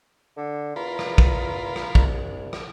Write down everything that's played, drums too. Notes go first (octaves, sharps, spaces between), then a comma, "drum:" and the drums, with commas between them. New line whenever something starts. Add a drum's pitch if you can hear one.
D3
E2 F4 A#4 B5
drum: rim click
drum: kick
drum: rim click
C2, drum: kick
drum: rim click